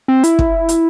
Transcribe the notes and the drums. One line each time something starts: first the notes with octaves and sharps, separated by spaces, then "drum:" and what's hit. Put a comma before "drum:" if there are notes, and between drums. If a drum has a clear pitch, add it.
C4
E4, drum: hi-hat
drum: kick
drum: hi-hat